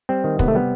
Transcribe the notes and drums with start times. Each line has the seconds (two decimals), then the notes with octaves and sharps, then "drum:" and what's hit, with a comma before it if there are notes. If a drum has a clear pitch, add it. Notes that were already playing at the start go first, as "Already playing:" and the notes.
0.09 G3 C4
0.24 D#3
0.39 C3 B3, drum: kick
0.48 A3
0.55 G3 B3